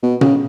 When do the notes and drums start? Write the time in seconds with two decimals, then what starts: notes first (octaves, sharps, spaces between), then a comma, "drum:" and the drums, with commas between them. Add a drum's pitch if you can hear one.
0.03 B2
0.21 C#3, drum: tom A#2